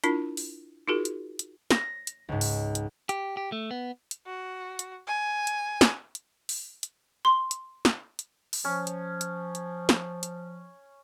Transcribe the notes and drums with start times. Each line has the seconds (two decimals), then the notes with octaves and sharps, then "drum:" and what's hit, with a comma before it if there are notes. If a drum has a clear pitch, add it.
0.04 D4 E4 F4 A#4, drum: hi-hat
0.37 drum: open hi-hat
0.88 D#4 F4 F#4 G#4 A#4
1.05 drum: hi-hat
1.39 drum: hi-hat
1.71 A#6, drum: snare
2.07 drum: hi-hat
2.29 C#2 G#2
2.41 drum: open hi-hat
2.75 drum: hi-hat
3.09 G4, drum: hi-hat
3.37 G4
3.52 A3
3.71 B3
4.11 drum: hi-hat
4.26 F#4
4.79 drum: hi-hat
5.07 G#5
5.47 drum: hi-hat
5.81 drum: snare
6.15 drum: hi-hat
6.49 drum: open hi-hat
6.83 drum: hi-hat
7.25 C6
7.51 drum: hi-hat
7.85 drum: snare
8.19 drum: hi-hat
8.53 drum: open hi-hat
8.65 F3 C#4
8.87 drum: hi-hat
9.21 drum: hi-hat
9.55 drum: hi-hat
9.89 drum: snare
10.23 drum: hi-hat